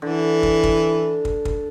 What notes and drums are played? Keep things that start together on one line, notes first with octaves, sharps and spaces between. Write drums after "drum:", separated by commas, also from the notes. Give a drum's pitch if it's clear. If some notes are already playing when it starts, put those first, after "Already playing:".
D3 E3
drum: kick
drum: kick
drum: kick
drum: kick